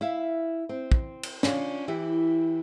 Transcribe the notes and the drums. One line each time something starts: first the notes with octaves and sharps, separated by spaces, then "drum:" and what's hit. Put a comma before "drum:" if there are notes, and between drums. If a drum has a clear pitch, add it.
E4 E5 F5
C4
drum: kick
drum: cymbal
C#4 D4 F4 C#5 D5, drum: snare
E3 E4 G4